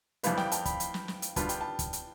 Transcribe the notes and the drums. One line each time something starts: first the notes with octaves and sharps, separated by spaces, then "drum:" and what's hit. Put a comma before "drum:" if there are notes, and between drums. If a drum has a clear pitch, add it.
F2 E3 G3 B3 F5, drum: hi-hat
G5, drum: snare
A5, drum: hi-hat
B5, drum: kick, hi-hat
drum: hi-hat
drum: snare
drum: snare
drum: hi-hat
D3 G3 B3 F4 A5, drum: kick, hi-hat
G5, drum: hi-hat
A5
drum: kick, hi-hat
drum: hi-hat